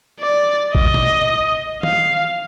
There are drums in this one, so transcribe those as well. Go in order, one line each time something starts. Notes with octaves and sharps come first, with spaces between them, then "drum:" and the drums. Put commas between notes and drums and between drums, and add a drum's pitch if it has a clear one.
D5
D#5, drum: kick
drum: tom
F5, drum: tom